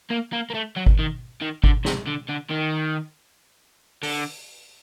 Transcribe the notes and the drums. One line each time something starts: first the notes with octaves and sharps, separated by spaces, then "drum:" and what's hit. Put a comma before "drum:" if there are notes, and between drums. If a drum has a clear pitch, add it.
A#3
A#3
A#3
A3
F#3
drum: kick G1
D#3
D#3
D3, drum: kick G1
C3, drum: snare
D3
D3
D#3
D3, drum: open hi-hat